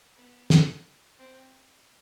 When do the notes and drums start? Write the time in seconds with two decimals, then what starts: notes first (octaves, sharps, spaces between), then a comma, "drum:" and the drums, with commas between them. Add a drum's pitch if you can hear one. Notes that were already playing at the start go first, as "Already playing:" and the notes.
0.15 B3
0.50 drum: snare
1.19 C4